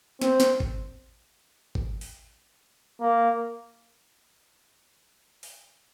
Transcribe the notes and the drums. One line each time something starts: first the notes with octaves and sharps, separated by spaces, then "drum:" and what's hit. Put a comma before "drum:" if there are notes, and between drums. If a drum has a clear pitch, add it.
C4, drum: snare
drum: snare
drum: kick G1
drum: kick G1
drum: open hi-hat
A#3
drum: open hi-hat